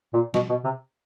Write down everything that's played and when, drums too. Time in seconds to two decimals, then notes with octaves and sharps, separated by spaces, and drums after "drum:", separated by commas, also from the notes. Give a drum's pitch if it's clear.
0.14 A#2
0.34 B2, drum: snare
0.49 B2
0.64 C3